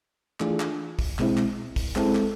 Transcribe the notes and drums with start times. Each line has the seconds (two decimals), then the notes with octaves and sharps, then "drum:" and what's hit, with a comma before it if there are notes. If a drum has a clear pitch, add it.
0.40 E3 A3 D4 F4 G#4, drum: clap
0.60 drum: clap
0.99 drum: kick, open hi-hat
1.19 B2 G#3 C4 E4, drum: clap
1.37 drum: clap
1.76 drum: kick, open hi-hat
1.96 G#3 C4 E4 A4, drum: clap
2.15 drum: clap